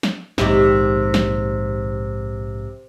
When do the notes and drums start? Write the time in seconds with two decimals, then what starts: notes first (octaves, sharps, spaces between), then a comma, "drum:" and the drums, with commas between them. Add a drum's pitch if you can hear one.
0.03 drum: snare
0.38 A#1 D#2 G#2 C3 G4 D5, drum: snare
1.14 drum: snare